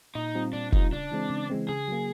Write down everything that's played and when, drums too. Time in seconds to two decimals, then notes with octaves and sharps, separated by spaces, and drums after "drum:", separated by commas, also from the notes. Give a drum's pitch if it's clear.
0.15 A#2 D#4
0.35 G3 C4 F4
0.53 A#2 D4
0.72 G3 C4 D#4 F4, drum: kick F1
0.92 C#3 D4
1.11 E3 G#3 C4
1.30 C#3
1.50 E3 G#3 C4
1.69 C#3 G#4
1.88 F#3 A#3